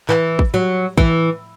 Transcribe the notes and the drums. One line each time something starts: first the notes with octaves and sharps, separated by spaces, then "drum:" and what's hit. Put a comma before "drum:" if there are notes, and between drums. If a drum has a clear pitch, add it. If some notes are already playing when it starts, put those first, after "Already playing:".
E3, drum: clap
drum: kick
F#3
E3, drum: kick